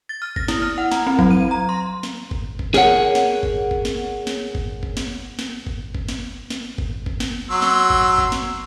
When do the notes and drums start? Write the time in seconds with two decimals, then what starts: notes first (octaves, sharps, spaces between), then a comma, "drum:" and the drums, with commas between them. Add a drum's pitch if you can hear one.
0.09 A6
0.22 F6
0.36 A#6, drum: kick G1
0.48 E4, drum: snare
0.62 F6
0.78 F#5
0.92 A#5, drum: snare
1.07 C4
1.19 F#3, drum: kick G1
1.31 D#7
1.51 A#5
1.69 C6
2.03 drum: snare
2.31 drum: kick G1
2.59 drum: kick G1
2.74 G#4 A#4 C#5 F#5, drum: snare
3.15 drum: snare
3.43 drum: kick G1
3.71 drum: kick G1
3.85 drum: snare
4.27 drum: snare
4.55 drum: kick G1
4.83 drum: kick G1
4.97 drum: snare
5.39 drum: snare
5.67 drum: kick G1
5.95 drum: kick G1
6.09 drum: snare
6.50 drum: snare
6.78 drum: kick G1
7.06 drum: kick G1
7.20 drum: snare
7.50 F#3 C6 E6
7.62 drum: snare
7.90 drum: kick G1
8.18 drum: kick G1
8.32 drum: snare